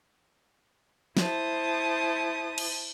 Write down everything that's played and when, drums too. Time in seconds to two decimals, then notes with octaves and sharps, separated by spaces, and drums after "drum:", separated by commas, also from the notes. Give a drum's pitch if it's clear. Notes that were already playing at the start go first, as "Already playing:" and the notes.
1.17 E4 C5 A5 D#6, drum: snare
2.58 drum: cymbal